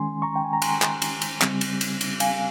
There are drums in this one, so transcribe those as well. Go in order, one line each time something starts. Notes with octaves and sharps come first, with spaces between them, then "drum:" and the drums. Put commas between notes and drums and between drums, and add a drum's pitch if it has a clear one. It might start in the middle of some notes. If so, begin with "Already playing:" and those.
Already playing: D#3 G#3 C#4 G#5 C6
A#5 C#6
G5
G#5
A#5
G#5 C6, drum: cymbal
drum: clap
drum: cymbal
drum: cymbal
C#3 G3 C4, drum: clap
drum: cymbal
drum: cymbal
drum: cymbal
F5 G#5, drum: cymbal